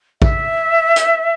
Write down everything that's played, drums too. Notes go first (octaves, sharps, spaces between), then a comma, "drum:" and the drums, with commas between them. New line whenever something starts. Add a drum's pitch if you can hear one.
E5, drum: kick
drum: hi-hat